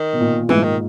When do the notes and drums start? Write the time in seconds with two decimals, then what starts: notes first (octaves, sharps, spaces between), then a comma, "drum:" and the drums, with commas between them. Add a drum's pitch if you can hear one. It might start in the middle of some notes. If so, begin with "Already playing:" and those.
Already playing: D#3
0.13 B2
0.20 A#2
0.49 G#2 E3, drum: tom
0.64 D#3